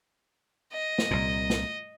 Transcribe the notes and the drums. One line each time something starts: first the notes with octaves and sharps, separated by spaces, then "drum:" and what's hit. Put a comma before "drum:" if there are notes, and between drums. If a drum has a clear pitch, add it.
D#5
drum: snare
C2 A#2
drum: snare